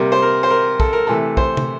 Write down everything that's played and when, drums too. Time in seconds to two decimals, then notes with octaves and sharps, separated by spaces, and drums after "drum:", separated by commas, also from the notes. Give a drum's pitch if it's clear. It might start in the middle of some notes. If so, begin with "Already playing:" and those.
Already playing: C3 G3 A#3
0.12 C5
0.22 A#4
0.43 C5
0.50 A#4
0.80 A4, drum: kick
0.93 A#4
1.07 C3 E3 A3 A4
1.37 C5, drum: kick
1.57 drum: tom